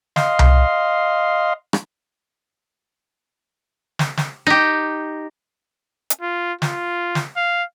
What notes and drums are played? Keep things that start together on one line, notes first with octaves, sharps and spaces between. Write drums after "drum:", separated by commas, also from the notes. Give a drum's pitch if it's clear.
D#5 F5 C6, drum: snare
drum: tom C2
drum: rim click
drum: snare
drum: snare
D#4 G4
drum: hi-hat
F4
F4, drum: snare
drum: snare
F5